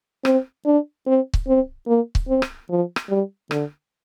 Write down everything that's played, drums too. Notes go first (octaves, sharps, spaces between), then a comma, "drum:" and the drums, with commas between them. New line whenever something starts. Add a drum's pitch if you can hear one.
C4, drum: rim click
D4
C4
drum: kick C#1
C4
A#3
drum: kick C#1
C4
drum: rim click
F3
drum: rim click
G3
D3, drum: rim click